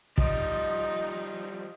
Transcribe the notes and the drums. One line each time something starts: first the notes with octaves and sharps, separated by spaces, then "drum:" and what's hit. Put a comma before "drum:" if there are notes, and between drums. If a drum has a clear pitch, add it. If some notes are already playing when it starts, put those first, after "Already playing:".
F3 G3 D#4, drum: kick